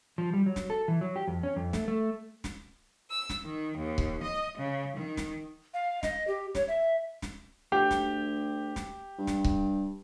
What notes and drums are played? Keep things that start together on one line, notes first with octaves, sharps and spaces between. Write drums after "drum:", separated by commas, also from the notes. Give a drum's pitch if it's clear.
F3
G3
F#3
drum: snare
A4
E3
F#3
G4
F2
C#4
F2
A3, drum: snare
A3
drum: snare
E6
drum: snare
D#3
D#2
drum: kick C#1
D#5
C#3
D#3
drum: snare
F5
D#5, drum: snare
G4
C#5, drum: snare
E5
drum: snare
D2 G4
drum: snare
drum: snare
G2
drum: snare
drum: kick C#1